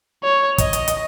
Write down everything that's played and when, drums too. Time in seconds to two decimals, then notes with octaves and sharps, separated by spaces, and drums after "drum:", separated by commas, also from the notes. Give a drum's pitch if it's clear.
0.23 C#5
0.58 D#5, drum: kick, hi-hat
0.73 drum: hi-hat
0.88 drum: hi-hat